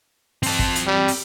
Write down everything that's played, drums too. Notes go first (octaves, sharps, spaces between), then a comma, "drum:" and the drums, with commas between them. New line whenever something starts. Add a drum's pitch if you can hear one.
C4 A5, drum: open hi-hat
drum: kick
drum: hi-hat
G3
drum: open hi-hat